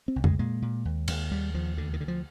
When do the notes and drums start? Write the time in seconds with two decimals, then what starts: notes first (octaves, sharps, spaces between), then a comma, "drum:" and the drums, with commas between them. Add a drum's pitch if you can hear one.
0.08 C4
0.16 C2
0.24 G#3, drum: tom F2
0.39 A#2 G#3
0.62 A#2
0.85 D#2
1.08 D#2, drum: cymbal
1.31 D#2 G3
1.54 D#2 F3
1.77 D2 D3
1.93 D#3
2.01 D3
2.08 F3